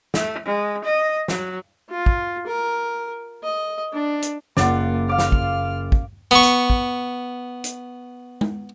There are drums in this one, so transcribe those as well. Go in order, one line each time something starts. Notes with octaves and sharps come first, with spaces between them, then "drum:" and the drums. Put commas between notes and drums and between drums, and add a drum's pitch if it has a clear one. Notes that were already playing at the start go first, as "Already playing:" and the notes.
A3, drum: snare
G#3
D#5
F#3, drum: snare
F4
drum: kick
A#4
D#5
D4
drum: hi-hat
F#1 A#3 F4 C#5 D5 F#5 A6, drum: snare
F4 F5 D6 F6
drum: snare
drum: kick
drum: kick
B3 C#6
drum: hi-hat
drum: kick
drum: hi-hat
drum: tom